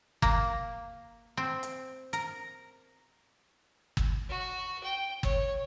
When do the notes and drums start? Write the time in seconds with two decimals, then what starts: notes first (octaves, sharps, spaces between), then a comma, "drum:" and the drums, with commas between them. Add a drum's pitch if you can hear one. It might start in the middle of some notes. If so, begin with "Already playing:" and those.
0.22 A#3, drum: kick
1.37 C4
1.63 drum: hi-hat
2.13 A#4, drum: hi-hat
3.97 drum: kick
4.29 F#4
4.83 G5
5.23 C#5, drum: kick